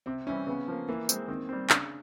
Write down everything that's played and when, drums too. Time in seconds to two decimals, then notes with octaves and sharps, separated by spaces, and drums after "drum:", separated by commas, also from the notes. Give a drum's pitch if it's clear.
0.06 C3 C4
0.27 E3 G3 C4 C#4 E4
0.47 C#3 B3
0.68 F3 A#3
0.89 E3 A#3
1.09 G#3 C4, drum: tambourine
1.28 D#3 C4
1.49 G3 C4
1.70 C#3 D4, drum: clap